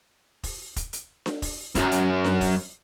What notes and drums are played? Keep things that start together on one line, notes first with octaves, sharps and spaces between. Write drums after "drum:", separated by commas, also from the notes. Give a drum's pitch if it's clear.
drum: kick, open hi-hat
drum: kick, hi-hat
drum: hi-hat
drum: snare D4
drum: kick, open hi-hat
C2 F#2, drum: kick, hi-hat
drum: hi-hat
drum: snare D4
drum: kick, open hi-hat